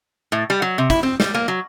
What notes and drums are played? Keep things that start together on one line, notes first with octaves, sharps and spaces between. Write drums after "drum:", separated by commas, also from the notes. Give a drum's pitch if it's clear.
A2
G3
F#3
C3
E4, drum: kick, hi-hat
C4
G3, drum: snare
A#3
F#3